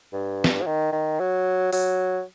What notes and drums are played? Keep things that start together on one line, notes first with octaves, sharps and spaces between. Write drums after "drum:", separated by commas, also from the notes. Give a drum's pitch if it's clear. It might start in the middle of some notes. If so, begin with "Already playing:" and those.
G2
drum: snare
F#3
D#3
D#3
F#3
F#3, drum: open hi-hat